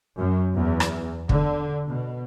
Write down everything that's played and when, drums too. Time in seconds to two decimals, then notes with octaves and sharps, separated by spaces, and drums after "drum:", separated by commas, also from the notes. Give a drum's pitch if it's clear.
0.17 F#2
0.55 E2
0.80 drum: rim click
1.29 D3, drum: kick
1.86 B2